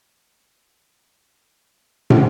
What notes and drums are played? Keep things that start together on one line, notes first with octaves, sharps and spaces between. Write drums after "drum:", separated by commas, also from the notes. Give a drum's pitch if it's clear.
F#4 A#4 F#5 A#5
drum: tom